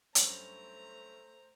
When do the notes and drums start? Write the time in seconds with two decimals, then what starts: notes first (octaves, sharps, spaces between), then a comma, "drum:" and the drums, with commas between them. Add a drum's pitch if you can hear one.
0.15 G2 F#3 A3 C#4 C5 A#5, drum: hi-hat